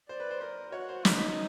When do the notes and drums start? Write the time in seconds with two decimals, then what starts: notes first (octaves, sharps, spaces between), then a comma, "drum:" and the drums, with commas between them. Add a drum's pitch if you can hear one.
0.09 C5 D5
0.20 B4
0.30 C5
0.40 A#4 C5
0.72 F#4 C#5
0.89 C5
1.05 D#4, drum: snare